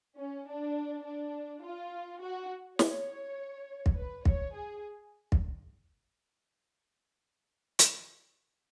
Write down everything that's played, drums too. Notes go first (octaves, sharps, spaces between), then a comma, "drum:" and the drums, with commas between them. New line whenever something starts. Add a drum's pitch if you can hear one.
C#4
D4
D4
F4
F#4
C#5, drum: snare
drum: kick
B4
C#5, drum: kick
G#4
drum: kick
drum: hi-hat